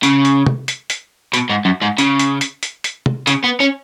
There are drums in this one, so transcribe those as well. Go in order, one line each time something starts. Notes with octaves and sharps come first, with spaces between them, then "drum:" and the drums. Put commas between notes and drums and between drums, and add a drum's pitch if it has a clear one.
C#3, drum: hi-hat
drum: hi-hat
drum: tom
drum: hi-hat
drum: hi-hat
B2, drum: hi-hat
G#2
F#2
G#2
C#3, drum: hi-hat
drum: hi-hat
drum: hi-hat
drum: hi-hat
drum: hi-hat
drum: tom
C#3, drum: hi-hat
B3
C#4